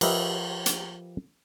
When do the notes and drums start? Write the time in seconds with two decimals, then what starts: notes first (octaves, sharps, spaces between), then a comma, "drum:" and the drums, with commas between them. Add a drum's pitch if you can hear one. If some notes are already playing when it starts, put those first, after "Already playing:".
0.01 F3 G4 A#4 B4 D#5 E5, drum: cymbal
0.66 drum: hi-hat